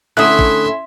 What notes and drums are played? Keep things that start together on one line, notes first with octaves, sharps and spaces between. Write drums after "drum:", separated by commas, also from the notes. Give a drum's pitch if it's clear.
D3 A3 C#4 E4 E5 C6 D#6 F#6
drum: kick